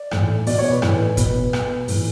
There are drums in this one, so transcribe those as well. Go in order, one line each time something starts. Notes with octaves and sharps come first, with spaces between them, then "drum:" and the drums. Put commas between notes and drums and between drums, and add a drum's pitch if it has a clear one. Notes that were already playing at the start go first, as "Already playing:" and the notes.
Already playing: D5
A2 E3, drum: rim click
B2 D5, drum: open hi-hat
C#5
B4
A2 E3, drum: rim click
B2 B4, drum: kick, hi-hat
B2, drum: rim click
A2 E3, drum: open hi-hat